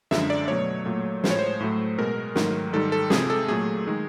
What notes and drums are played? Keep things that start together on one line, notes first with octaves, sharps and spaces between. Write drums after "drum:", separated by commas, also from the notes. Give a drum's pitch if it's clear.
F#2 D3 F3 G#3 E5, drum: snare
D5
B2 F#3 A3 C#5
A#2 F#3 A3
A2 F3 G#3 C5, drum: snare
C#5
C5
A2 F#3 A3
B2 G#3 A#4
G#2 D#3 F#3 A3, drum: snare
G#2 D#3 G3 A4
A4
C3 F3 G#3 G#4, drum: snare
A4
A#2 F#3 A3 G#4
D#3 G#3